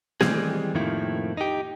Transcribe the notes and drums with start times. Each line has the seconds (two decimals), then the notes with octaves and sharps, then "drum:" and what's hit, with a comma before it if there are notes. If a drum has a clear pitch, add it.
0.21 D#3 E3 G3 G#3 C4 G#4, drum: snare A3
0.75 F2 A2 D#3 F3 A#3 E4
1.37 D#4 G4